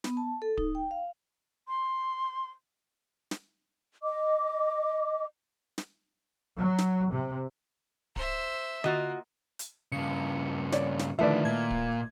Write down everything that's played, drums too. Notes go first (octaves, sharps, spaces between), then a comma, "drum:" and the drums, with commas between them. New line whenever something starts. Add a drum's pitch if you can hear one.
B3, drum: snare
A5
A4
D#4, drum: kick D1
G5
F5
C6
drum: snare
D#5 D6
drum: snare
F#3
drum: snare
C3
C5 E5, drum: kick D1
A#3 F4 F#4 D#5, drum: tom D3
drum: hi-hat
G2 C#3 C#7
C#5 D5, drum: snare
drum: snare
D3 D#3 F3 A3 E4 B4 D5 E5
A#2 G#6
drum: kick D1